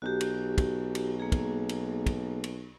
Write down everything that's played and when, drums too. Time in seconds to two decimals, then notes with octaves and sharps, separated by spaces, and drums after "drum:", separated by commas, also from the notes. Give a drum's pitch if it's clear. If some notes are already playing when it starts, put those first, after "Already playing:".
0.02 B1 F#4 G4
0.21 drum: cymbal
0.58 drum: kick, cymbal
0.95 drum: cymbal
1.20 A#3 G#4
1.32 drum: kick, cymbal
1.69 drum: cymbal
2.06 drum: kick, cymbal
2.44 drum: cymbal